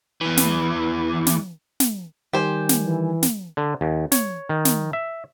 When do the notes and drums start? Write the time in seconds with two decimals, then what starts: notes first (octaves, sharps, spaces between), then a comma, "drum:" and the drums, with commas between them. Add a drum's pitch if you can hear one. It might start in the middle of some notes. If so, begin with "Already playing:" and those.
0.21 E2 E3
0.37 drum: snare
1.26 drum: snare
1.80 drum: snare
2.33 D#3 G3 G4 C5 G#5
2.69 drum: snare
2.83 E3
3.23 drum: snare
3.57 D3
3.81 D#2
4.12 C#5, drum: snare
4.49 D#3
4.65 drum: snare
4.93 E5